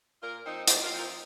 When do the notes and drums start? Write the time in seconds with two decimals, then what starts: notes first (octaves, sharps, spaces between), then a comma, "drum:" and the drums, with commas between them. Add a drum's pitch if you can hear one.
0.22 A#2 F4 A#4
0.45 F3 C4 D#4
0.68 A#2 G4 C5, drum: hi-hat
0.83 F4 A#4
0.91 F3 C4 D#4
0.98 F4 A#4